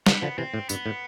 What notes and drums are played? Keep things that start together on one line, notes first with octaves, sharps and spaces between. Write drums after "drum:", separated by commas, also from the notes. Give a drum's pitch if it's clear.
D3 F3 B3, drum: snare
D3 F3
C3 E3 C4
A2
G2 B3, drum: tambourine
A2